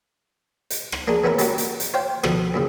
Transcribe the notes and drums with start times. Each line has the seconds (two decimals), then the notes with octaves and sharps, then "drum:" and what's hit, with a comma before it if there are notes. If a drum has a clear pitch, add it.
0.70 drum: hi-hat
0.92 drum: rim click
1.08 A#3 D4 D#4 G#4
1.24 E3 B3 C#4 E4 A#4
1.38 G3 A#3 C#4 D#4 F#4, drum: hi-hat
1.58 drum: hi-hat
1.80 drum: hi-hat
1.94 C5 C#5 F5 G5
2.24 B2 D3 F3, drum: rim click
2.54 F#2 A#2 C#3